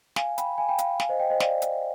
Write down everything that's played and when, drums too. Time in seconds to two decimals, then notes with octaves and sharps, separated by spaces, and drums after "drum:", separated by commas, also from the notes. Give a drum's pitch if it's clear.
0.16 F5 G#5, drum: snare
0.38 G5 B5, drum: hi-hat
0.58 F5 G#5
0.68 G5 B5
0.78 F5 G#5, drum: hi-hat
1.00 F5 G#5, drum: snare
1.09 C5 D#5
1.20 D#5 G5
1.30 C5 D#5
1.40 D5 F5, drum: snare
1.62 drum: hi-hat